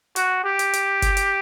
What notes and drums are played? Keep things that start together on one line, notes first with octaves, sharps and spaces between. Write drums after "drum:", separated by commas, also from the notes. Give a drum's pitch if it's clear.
F#4, drum: hi-hat
G4
drum: hi-hat
drum: hi-hat
drum: kick F#1, hi-hat
drum: hi-hat